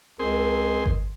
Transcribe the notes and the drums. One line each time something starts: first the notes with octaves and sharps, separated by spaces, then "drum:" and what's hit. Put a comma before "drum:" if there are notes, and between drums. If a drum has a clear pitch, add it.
C#2 C4 G#4 A#4 C6
drum: kick G1